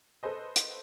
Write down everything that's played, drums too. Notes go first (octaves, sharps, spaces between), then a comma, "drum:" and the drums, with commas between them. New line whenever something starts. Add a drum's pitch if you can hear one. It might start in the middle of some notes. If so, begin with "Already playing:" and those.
A4 B4 C5 D#5
drum: hi-hat